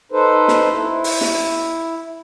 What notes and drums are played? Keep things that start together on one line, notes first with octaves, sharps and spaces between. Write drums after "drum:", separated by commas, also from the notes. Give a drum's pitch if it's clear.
D#4 A4 B4 C5
drum: snare
E4
drum: open hi-hat
drum: snare